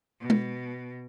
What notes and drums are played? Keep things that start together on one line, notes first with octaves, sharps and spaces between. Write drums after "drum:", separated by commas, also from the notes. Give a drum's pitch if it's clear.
B2
drum: tom G#3